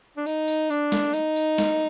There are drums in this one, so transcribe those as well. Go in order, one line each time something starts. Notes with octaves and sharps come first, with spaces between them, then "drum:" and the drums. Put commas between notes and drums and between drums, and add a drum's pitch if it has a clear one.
D4
D#4, drum: tambourine
drum: tambourine
D4, drum: tambourine
drum: snare
D#4, drum: tambourine
drum: tambourine
drum: snare